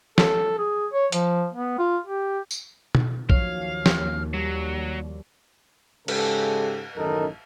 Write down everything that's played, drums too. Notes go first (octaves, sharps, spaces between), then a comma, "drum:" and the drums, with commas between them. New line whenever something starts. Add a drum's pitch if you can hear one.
A4, drum: snare
G#4
C#5
F3, drum: hi-hat
B3
F4
G4
drum: tambourine
drum: tom B2
D#2 F3 F#3 C#5 F5, drum: kick
drum: snare
F#3 G3
G#2 C#3 G#3 G4 A4, drum: cymbal
A1 F#2 D#3 D#4 A4 A#4